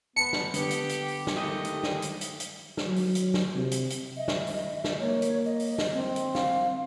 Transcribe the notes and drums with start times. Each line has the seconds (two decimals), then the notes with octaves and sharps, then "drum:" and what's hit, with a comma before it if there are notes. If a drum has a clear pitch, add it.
0.16 B3 A5 B5 C#7
0.33 drum: snare
0.54 D3 B3 G4, drum: hi-hat
0.70 drum: hi-hat
0.89 drum: hi-hat
1.08 drum: open hi-hat
1.27 drum: snare
1.37 D#3 A3 G4 D#5
1.65 drum: hi-hat
1.83 drum: snare
2.02 drum: hi-hat
2.21 drum: hi-hat
2.40 drum: hi-hat
2.77 drum: snare
2.87 F#3
2.96 drum: open hi-hat
3.15 drum: hi-hat
3.34 drum: snare
3.54 C3
3.71 drum: hi-hat
3.90 drum: hi-hat
4.17 D#5 E5
4.28 drum: snare
4.47 drum: open hi-hat
4.84 drum: snare
5.00 A#3 C#5
5.22 drum: hi-hat
5.45 D#5
5.60 drum: open hi-hat
5.78 drum: snare
5.93 C4
6.16 drum: hi-hat
6.35 F5, drum: snare